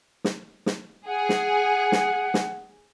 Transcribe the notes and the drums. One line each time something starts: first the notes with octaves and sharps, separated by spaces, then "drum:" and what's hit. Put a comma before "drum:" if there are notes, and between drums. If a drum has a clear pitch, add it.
drum: snare
drum: snare
G#4 F#5
drum: snare
drum: snare
drum: snare